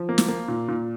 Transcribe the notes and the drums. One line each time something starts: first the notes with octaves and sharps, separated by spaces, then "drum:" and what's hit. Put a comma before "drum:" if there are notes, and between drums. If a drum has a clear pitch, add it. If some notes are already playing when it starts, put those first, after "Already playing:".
Already playing: F3
A#3
drum: snare
A#3
A#2
A#2